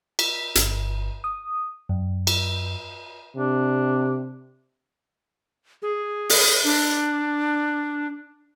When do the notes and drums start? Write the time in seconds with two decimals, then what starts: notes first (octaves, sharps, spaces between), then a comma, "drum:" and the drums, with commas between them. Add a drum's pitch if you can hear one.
0.19 B6, drum: cymbal
0.55 G1, drum: hi-hat
1.24 D#6
1.89 F#2
2.27 drum: cymbal
3.36 C3 D4
5.82 G#4
6.29 drum: open hi-hat
6.64 D4